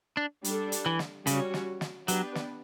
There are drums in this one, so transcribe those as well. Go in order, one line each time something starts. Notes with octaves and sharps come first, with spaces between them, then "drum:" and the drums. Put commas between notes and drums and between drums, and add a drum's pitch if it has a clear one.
D4
G3 D4 A4, drum: hi-hat
drum: hi-hat
E3
drum: snare
C#3 G3 C#4 F#4 C#5, drum: hi-hat
drum: snare
drum: snare
F#3 B3 D4 G4 B4, drum: hi-hat
drum: snare